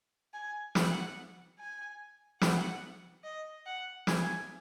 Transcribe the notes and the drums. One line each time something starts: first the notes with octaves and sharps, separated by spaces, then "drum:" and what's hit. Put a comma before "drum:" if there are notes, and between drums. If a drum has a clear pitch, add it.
G#5
F#5, drum: snare
G#5
F#5, drum: snare
D#5
F#5
G#5, drum: snare